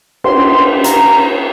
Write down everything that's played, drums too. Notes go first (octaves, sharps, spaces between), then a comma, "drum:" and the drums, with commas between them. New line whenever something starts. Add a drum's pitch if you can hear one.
C6, drum: cymbal
A#5, drum: hi-hat